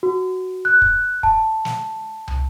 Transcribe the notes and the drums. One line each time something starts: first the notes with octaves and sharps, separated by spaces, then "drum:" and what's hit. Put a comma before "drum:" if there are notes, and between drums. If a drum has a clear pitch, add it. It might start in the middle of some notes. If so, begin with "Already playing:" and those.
F#4
F#6
drum: kick
A5, drum: kick
drum: snare
drum: tom